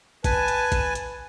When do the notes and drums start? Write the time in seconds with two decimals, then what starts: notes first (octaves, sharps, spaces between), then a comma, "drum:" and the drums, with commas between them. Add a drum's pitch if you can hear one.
0.24 B4 G#5 A5, drum: kick, hi-hat
0.48 drum: hi-hat
0.72 drum: kick, hi-hat
0.95 drum: hi-hat